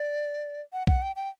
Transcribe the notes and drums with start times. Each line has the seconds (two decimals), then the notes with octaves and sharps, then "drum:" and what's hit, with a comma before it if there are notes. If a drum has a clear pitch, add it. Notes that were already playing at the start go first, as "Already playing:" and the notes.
Already playing: D5
0.73 F#5
0.87 F#5, drum: kick B1
1.02 G5
1.16 G5